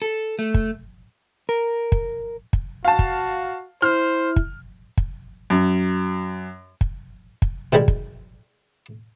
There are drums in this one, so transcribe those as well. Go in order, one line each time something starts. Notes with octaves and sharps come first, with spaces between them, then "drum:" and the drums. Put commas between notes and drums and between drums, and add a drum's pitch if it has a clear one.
A4
A3
drum: kick
A#4
drum: kick
drum: kick
F#4 F5 A5
drum: kick
E4 C5 F6
drum: kick
drum: kick
F#2
drum: kick
drum: kick
B2 D#3 G3 G#3
drum: kick